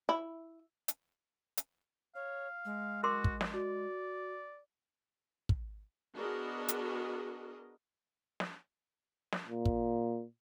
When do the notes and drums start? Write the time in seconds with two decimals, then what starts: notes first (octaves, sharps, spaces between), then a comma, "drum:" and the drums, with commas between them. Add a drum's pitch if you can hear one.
0.09 E4
0.88 drum: hi-hat
1.57 drum: hi-hat
2.15 C#5 F5
2.65 G#3
3.03 F#4 A#4 C6 D6
3.24 drum: kick
3.41 drum: snare
3.53 F#4 D5
5.49 drum: kick
6.14 B3 D4 F#4 G#4 A#4 D#5
6.68 drum: hi-hat
8.40 drum: snare
9.32 drum: snare
9.47 A#2
9.65 drum: kick